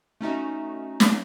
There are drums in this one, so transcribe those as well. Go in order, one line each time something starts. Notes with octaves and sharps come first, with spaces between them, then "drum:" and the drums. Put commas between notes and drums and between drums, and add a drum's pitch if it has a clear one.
A3 C#4 D#4 F#4
drum: snare